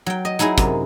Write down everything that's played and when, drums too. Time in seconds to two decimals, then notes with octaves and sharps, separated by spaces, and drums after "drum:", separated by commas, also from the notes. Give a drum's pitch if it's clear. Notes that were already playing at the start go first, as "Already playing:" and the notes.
0.06 F#3 G5
0.25 D#5
0.39 F#3 D#4 E4 G#4 A#5, drum: hi-hat
0.58 F#2 C3, drum: kick, hi-hat